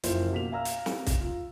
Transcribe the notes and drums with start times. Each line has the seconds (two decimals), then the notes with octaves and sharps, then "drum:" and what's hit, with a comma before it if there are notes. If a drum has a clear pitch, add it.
0.04 F#1 F3 E4 F4 C5 C6, drum: hi-hat
0.32 B2 A#3 B6 F7
0.51 E5 F5 G#5 A#5 E6 F6
0.65 drum: hi-hat
0.86 drum: snare
1.06 drum: kick, hi-hat
1.21 F4